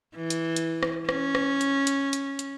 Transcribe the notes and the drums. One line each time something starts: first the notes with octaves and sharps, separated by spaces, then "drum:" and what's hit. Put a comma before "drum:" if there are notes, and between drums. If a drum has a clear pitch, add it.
E3
drum: hi-hat
drum: hi-hat
drum: rim click
C#4, drum: rim click
drum: rim click
drum: hi-hat
drum: hi-hat
drum: hi-hat
drum: hi-hat